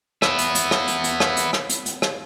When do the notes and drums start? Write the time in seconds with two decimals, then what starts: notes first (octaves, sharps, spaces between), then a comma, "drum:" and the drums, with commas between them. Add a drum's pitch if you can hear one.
0.22 B3 E4, drum: rim click
0.38 drum: hi-hat
0.55 drum: hi-hat
0.71 drum: rim click
0.88 drum: hi-hat
1.04 drum: hi-hat
1.20 drum: rim click
1.37 drum: hi-hat
1.53 drum: rim click
1.69 drum: hi-hat
1.86 drum: hi-hat
2.02 drum: rim click